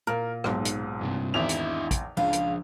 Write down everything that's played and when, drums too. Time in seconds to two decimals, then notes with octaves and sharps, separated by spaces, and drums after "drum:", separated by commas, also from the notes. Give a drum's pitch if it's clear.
0.07 A#2 A#4
0.44 B1 G#2, drum: rim click
0.65 drum: hi-hat
1.01 G2 C3
1.34 G#1 E2 D4 E4 E5 F7
1.49 drum: hi-hat
1.91 drum: kick, hi-hat
2.17 C#2 F3 D4 F5
2.33 drum: hi-hat